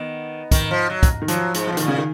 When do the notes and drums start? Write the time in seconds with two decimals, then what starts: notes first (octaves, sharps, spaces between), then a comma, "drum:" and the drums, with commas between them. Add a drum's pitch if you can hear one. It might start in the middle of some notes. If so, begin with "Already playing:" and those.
Already playing: D#3 B3
0.51 D#3, drum: kick, hi-hat
0.71 F3
0.90 F#3
1.03 drum: kick, hi-hat
1.22 D#3
1.28 F3 F#3, drum: hi-hat
1.54 G#2, drum: hi-hat
1.67 F3
1.72 B2
1.77 A#2 D#3, drum: hi-hat
1.88 C#3
1.98 D#3